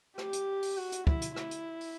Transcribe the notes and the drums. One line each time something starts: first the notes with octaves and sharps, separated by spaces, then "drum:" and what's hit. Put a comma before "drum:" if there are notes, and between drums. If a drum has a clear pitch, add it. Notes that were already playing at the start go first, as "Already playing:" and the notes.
G4, drum: rim click
drum: hi-hat
drum: open hi-hat
F#4
drum: hi-hat
E4, drum: kick
drum: hi-hat
E4, drum: rim click
drum: hi-hat
drum: open hi-hat